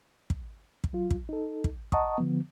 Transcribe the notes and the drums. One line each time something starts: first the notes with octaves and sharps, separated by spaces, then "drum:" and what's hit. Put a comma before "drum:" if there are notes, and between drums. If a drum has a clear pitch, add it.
drum: kick
drum: kick
F#3 F4
drum: kick
D#4 A4
drum: kick
D#5 F#5 A5 A#5 C#6 D#6, drum: kick
D3 F3 B3